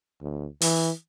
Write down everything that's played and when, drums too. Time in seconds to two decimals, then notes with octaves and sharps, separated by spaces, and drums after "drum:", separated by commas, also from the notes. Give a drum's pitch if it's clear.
0.22 D2
0.61 E3, drum: open hi-hat